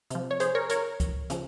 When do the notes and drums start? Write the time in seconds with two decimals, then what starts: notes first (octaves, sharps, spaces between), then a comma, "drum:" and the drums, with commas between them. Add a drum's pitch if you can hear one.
0.10 C3 F3, drum: hi-hat
0.31 C#5
0.40 G#4 C5, drum: hi-hat
0.55 A#4 C#5
0.70 A#4 C#5, drum: hi-hat
1.00 drum: kick C#2, hi-hat
1.30 C#3 F3, drum: hi-hat